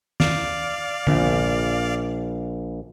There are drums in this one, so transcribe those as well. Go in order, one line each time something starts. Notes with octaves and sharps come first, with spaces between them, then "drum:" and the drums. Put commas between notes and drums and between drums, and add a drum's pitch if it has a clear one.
D5 F5, drum: snare
A#1, drum: tom D3